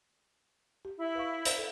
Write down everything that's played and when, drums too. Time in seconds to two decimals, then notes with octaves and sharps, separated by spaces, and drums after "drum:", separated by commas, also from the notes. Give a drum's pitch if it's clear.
0.85 G4
0.97 E4
1.15 B4 F5 C#6
1.45 C5 D5 B5, drum: hi-hat
1.58 A4